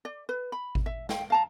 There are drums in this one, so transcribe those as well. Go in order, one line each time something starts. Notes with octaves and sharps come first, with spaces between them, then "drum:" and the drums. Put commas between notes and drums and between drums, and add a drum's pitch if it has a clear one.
D5
B4
B5
drum: kick G#1
E5
F5 G5, drum: snare
F5 A5 A#5